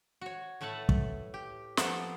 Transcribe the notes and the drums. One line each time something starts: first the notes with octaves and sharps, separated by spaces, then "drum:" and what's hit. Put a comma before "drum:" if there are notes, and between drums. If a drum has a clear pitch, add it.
F#4 C#5
A2 A3 B4 E5 F#5 A5
drum: kick
G4
F3 A#3 B3 A4 C5, drum: snare